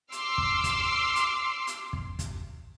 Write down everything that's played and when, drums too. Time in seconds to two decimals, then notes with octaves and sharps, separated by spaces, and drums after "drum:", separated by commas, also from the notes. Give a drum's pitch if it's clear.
0.12 C6 D6 E6 F6 C7, drum: hi-hat
0.38 drum: kick
0.64 drum: kick, hi-hat
1.15 drum: hi-hat
1.67 drum: hi-hat
1.93 drum: kick
2.19 drum: kick, hi-hat